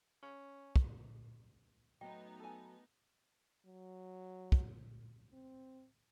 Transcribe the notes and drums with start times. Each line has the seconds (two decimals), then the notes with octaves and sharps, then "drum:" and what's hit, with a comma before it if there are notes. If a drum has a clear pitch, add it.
0.23 C#4
0.76 drum: kick
2.01 F#3 A3 B3 D#4 D#5 G5
2.40 A4 G#5
3.66 F#3
4.52 drum: kick
5.33 C4